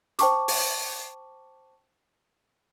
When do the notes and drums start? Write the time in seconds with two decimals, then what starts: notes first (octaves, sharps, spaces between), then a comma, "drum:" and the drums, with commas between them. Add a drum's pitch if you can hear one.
0.19 C5 G5 A5 C#6 D6, drum: hi-hat
0.48 drum: open hi-hat